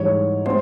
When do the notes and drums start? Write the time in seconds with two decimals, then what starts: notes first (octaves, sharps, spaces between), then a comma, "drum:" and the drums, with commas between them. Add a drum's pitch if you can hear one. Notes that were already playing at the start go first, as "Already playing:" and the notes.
Already playing: G#2 E3 G3 C#5
0.46 C5, drum: tom